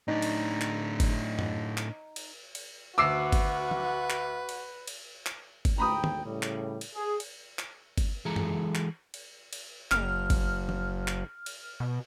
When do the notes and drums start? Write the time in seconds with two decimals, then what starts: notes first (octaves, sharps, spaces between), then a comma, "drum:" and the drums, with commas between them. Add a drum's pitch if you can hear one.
0.08 A2 D4 D#4
0.22 drum: cymbal
0.61 drum: clap
1.00 drum: kick G1, cymbal
1.39 drum: tom F#2
1.77 drum: clap
2.16 drum: cymbal
2.55 drum: cymbal
2.98 D2 F#4 B4 D6 E6 C7
3.32 drum: kick G1, cymbal
3.71 drum: tom F3
4.10 drum: clap
4.49 drum: cymbal
4.87 drum: cymbal
5.26 drum: clap
5.65 drum: kick G1, cymbal
5.78 D2 G#2 G5 A#5 B5 D#6
6.04 drum: tom D3
6.26 A2 C#3 G3
6.43 drum: clap
6.81 drum: cymbal
6.96 G#4
7.20 drum: cymbal
7.59 drum: clap
7.98 drum: kick G1, cymbal
8.25 E3 G#3 G#4 A4 A#5
8.36 drum: tom F#2
8.75 drum: clap
9.14 drum: cymbal
9.53 drum: cymbal
9.91 F#1 F6, drum: clap
10.30 drum: kick G1, cymbal
10.69 drum: tom F3
11.08 drum: clap
11.46 drum: cymbal
11.80 B2